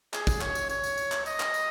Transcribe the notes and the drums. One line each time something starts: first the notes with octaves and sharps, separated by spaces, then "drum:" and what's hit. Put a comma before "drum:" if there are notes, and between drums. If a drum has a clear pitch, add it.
G#4, drum: clap
drum: kick, tambourine
C#5, drum: clap
drum: tambourine
C#5, drum: tambourine
drum: tambourine
drum: tambourine
drum: clap
D#5, drum: tambourine
drum: clap
drum: tambourine